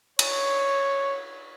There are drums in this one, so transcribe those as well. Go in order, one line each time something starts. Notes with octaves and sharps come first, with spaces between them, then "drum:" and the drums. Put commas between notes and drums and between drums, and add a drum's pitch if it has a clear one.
C#5, drum: cymbal